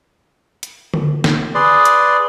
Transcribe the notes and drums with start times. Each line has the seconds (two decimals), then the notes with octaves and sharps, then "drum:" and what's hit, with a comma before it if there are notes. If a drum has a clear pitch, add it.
0.63 drum: hi-hat
0.94 drum: tom D3
1.24 drum: snare
1.55 G#4 B4 D5 C6
1.85 drum: hi-hat